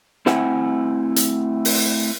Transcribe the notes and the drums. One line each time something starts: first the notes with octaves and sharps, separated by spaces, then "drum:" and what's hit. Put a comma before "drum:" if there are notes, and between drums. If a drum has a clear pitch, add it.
A3 C4 E4 F#5 G#5, drum: snare
drum: hi-hat
drum: open hi-hat